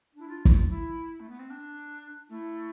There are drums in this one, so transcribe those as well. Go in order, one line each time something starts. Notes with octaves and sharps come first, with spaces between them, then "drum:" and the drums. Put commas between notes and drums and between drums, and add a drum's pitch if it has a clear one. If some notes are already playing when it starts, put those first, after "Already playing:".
D4 E4
F4
drum: kick
E4
A3
B3
C4
D4
A3 E4